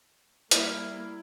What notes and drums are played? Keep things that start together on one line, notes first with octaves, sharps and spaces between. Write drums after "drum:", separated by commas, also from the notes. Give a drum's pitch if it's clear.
G3 A#3 E4, drum: hi-hat